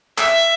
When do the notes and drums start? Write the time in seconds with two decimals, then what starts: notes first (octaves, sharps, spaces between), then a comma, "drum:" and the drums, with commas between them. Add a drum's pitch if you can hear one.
0.18 E5, drum: clap